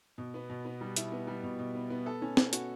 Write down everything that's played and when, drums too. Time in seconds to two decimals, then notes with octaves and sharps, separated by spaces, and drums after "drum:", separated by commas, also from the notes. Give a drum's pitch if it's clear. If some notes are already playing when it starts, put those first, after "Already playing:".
0.18 B2
0.34 B3
0.50 B2
0.65 B3
0.81 G3
0.96 E4, drum: hi-hat
1.12 B3
1.27 G3
1.43 B2
1.59 B2
1.75 B3
1.90 B3
2.06 A4
2.22 C#4
2.37 C#4, drum: snare
2.53 F#4, drum: hi-hat